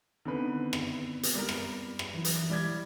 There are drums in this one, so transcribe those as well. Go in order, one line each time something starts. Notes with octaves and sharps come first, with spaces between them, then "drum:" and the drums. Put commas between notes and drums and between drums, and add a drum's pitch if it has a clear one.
D3 D#3 B3 C4 B4
drum: rim click
drum: hi-hat
G3 A#4
drum: rim click
drum: rim click
E3 F#3 E4
drum: hi-hat
G3 D5 G#6